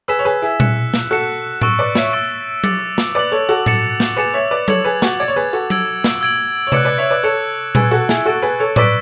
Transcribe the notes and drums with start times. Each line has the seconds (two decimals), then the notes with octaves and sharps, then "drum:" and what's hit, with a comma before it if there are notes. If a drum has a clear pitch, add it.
0.08 G#4 B4 E6 B6 E7
0.19 C#5
0.25 G#4 B4
0.42 E4 G#4
0.60 F#6 C#7 E7, drum: tom A#2
0.94 drum: snare
1.11 F#4 A4 F#6 C#7 E7
1.61 C#6 E6 A6 D7, drum: tom A2
1.79 B4 D5
1.95 C#5 E5, drum: snare
2.13 C#6 E6 A6 D7
2.64 D6 A6 C#7 F#7, drum: tom F#3
2.98 drum: snare
3.15 B4 D5 D6 A6 C#7 F#7
3.32 A4 C#5
3.49 F#4 A4
3.66 D6 A6 C#7 E7, drum: tom A2
4.00 drum: snare
4.17 G#4 B4 D6 A6 C#7 E7
4.34 C#5 E5
4.51 B4 D5
4.68 A4 C#5 G#6 C#7 F#7, drum: tom F#3
4.85 G#4 B4
5.02 F#4, drum: snare
5.20 D5 G#6 C#7 F#7
5.28 C#5
5.36 G#4 B4
5.53 F#4 A4
5.70 E6 G#6 D7 F#7, drum: tom F#3
6.04 drum: snare
6.21 E6 G#6 D7 F#7
6.67 C#5
6.72 B4 D5 F#6 C#7 E7, drum: tom C3
6.85 B4 D5
6.98 C#5 E5
7.11 B4 D5
7.23 A4 C#5 F#6 C#7 E7
7.75 G#4 B4 C#6 E6 A6 D7, drum: tom A#2
7.91 F#4 A4
8.09 E4 G#4, drum: snare
8.25 F#4 A4 C#6 E6 A6 D7
8.42 G#4 B4
8.60 A4 C#5
8.76 B4 D5 C#6 E6 B6 D7, drum: tom A2